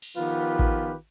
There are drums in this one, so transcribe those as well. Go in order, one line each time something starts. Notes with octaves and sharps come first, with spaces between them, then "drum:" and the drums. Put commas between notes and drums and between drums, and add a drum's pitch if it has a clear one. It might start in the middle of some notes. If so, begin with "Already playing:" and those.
drum: cymbal
D#3 F3 B3 F4 G4 B4
drum: kick A1